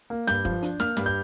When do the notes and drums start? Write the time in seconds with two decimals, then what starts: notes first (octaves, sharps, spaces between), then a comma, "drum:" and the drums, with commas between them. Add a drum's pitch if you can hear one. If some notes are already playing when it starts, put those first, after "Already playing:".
0.10 A#3
0.27 G2 G6, drum: snare
0.45 F3, drum: kick F1
0.63 D4, drum: hi-hat
0.80 A#3 F6, drum: snare
0.97 G2, drum: snare
1.06 G6